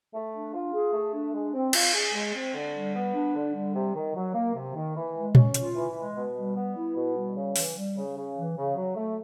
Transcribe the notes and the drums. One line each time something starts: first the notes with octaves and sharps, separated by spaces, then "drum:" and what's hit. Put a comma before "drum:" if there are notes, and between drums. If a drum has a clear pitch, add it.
A3
D4
F4
G#4
A3
D4
G#3
C4
F4, drum: cymbal
G#4
G#3
C4
D3
G3
B3
D4
D3
G3
C3
D#3
F#3
A#3
C3
D#3
E3
G#3
C#4, drum: tom A#2
F4, drum: hi-hat
E3
G#3
B2
G3
B3
E4
B2
G3
C#3
E3, drum: open hi-hat
G3
C#3
C#3
E3
C#3
F#3
A3